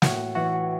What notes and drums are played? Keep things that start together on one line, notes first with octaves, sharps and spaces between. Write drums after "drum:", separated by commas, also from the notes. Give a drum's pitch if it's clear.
A2 F#4 F#5, drum: snare
E3 F#4 F#5